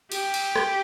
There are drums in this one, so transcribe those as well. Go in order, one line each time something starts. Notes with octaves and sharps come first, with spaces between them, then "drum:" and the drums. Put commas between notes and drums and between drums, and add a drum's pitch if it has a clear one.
G4, drum: cymbal
drum: cymbal
drum: rim click